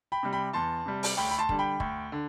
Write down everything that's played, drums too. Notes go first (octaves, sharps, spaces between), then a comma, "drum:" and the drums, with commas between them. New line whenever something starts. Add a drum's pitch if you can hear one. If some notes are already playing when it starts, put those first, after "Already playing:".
G5 B5
C3 G3
G5 B5
E2 A5 C6
C3 G3
drum: open hi-hat
D2 G5 B5
B5
A5 C6
D3 G3, drum: kick
G5 B5
D2, drum: kick
D3